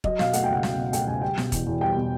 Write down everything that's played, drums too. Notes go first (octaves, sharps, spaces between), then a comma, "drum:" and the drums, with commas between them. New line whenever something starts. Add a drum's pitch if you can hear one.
F#3 D#5, drum: kick
B2 F5, drum: snare
A3 F#5, drum: hi-hat
G5
C#2 F#5
F#3, drum: snare
B2
A3 G5, drum: hi-hat
C#2 G#5
G3 G5
B2, drum: snare
E2, drum: kick, hi-hat
E2
G3 G5
B2